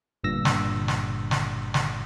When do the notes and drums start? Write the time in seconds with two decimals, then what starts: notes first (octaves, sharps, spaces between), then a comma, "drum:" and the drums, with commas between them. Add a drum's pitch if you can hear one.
0.24 G1 G2 A#2 E6 A#6
0.45 drum: snare
0.88 drum: snare
1.31 drum: snare
1.74 drum: snare